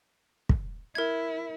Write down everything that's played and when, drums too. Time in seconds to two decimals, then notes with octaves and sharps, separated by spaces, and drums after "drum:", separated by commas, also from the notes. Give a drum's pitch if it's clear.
0.49 drum: kick
0.95 E4 A#4 G#6